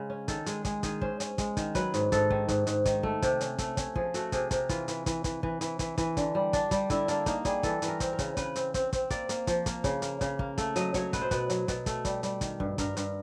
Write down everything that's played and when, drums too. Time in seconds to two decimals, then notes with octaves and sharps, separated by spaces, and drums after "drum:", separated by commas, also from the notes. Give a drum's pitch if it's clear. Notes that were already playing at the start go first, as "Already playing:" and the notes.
Already playing: C#3 G#3
0.10 C#4
0.28 D#3 A4, drum: kick, hi-hat
0.46 G#3 G#4, drum: hi-hat
0.65 G#3 G#4, drum: kick, hi-hat
0.83 D#3 G#4, drum: kick, hi-hat
1.01 C#4 C5, drum: kick
1.20 C#4, drum: hi-hat
1.38 G#3, drum: kick, hi-hat
1.57 D#3, drum: kick, hi-hat
1.75 F#3 B4, drum: kick, hi-hat
1.94 G#2, drum: hi-hat
2.12 G#2 A4, drum: kick, hi-hat
2.30 D#3, drum: kick
2.48 G#2, drum: kick, hi-hat
2.67 G#2, drum: hi-hat
2.85 D#3, drum: kick, hi-hat
3.03 A3, drum: kick
3.22 C3, drum: kick, hi-hat
3.41 C#4, drum: hi-hat
3.58 A3, drum: kick, hi-hat
3.77 C#4, drum: kick, hi-hat
3.96 F3 G#4, drum: kick
4.14 A3 F#4, drum: hi-hat
4.32 C3 G#4, drum: kick, hi-hat
4.51 C3 A#4, drum: kick, hi-hat
4.69 E3 F4, drum: kick, hi-hat
4.88 E3, drum: hi-hat
5.06 E3, drum: kick, hi-hat
5.24 E3, drum: kick, hi-hat
5.43 E3, drum: kick
5.61 E3, drum: hi-hat
5.79 E3, drum: kick, hi-hat
5.98 E3, drum: kick, hi-hat
6.17 D3, drum: kick, hi-hat
6.35 G3
6.53 D4, drum: kick, hi-hat
6.71 G3, drum: kick, hi-hat
6.90 D3 E4, drum: kick, hi-hat
7.08 A#3 D4, drum: hi-hat
7.26 A#3 D#4, drum: kick, hi-hat
7.45 G3 G#4, drum: kick, hi-hat
7.63 E3 A4, drum: kick, hi-hat
7.82 E3, drum: hi-hat
7.88 A#4
8.00 C4, drum: kick, hi-hat
8.13 A#4
8.19 C#3, drum: kick, hi-hat
8.37 C#3 B4, drum: kick, hi-hat
8.56 C4, drum: hi-hat
8.74 C4, drum: kick, hi-hat
8.93 C4, drum: kick, hi-hat
9.10 A#3 D5, drum: kick, hi-hat
9.29 A#3, drum: hi-hat
9.47 F3, drum: kick, hi-hat
9.66 A#3, drum: kick, hi-hat
9.84 C#3, drum: kick, hi-hat
10.02 A#3, drum: hi-hat
10.21 C#3, drum: kick, hi-hat
10.39 A#3, drum: kick
10.58 A3, drum: kick, hi-hat
10.76 F#3 D#5, drum: hi-hat
10.94 F#3 C#5, drum: kick, hi-hat
11.13 B2 B4, drum: kick, hi-hat
11.22 C5
11.31 B2 B4, drum: kick, hi-hat
11.50 F#3, drum: hi-hat
11.68 B2, drum: kick, hi-hat
11.86 A3, drum: kick, hi-hat
12.05 G3, drum: kick, hi-hat
12.23 G3, drum: hi-hat
12.41 D#3, drum: kick, hi-hat
12.60 G2, drum: kick
12.78 G2 A#4, drum: kick, hi-hat
12.97 G2, drum: hi-hat